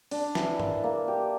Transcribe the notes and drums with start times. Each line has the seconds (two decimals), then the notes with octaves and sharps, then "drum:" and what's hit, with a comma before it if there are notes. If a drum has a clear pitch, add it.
0.11 D4, drum: open hi-hat
0.35 E3, drum: snare
0.60 A#3, drum: tom
0.84 A#3
1.08 G4